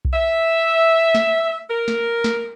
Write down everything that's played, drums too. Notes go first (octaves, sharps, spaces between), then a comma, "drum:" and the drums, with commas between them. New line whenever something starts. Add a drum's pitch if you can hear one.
drum: kick B1
E5
drum: snare
A#4
drum: snare
drum: snare